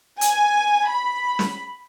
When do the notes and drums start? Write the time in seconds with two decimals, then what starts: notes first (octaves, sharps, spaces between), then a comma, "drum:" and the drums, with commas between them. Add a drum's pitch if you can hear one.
0.21 G#5, drum: hi-hat
0.90 B5
1.39 drum: snare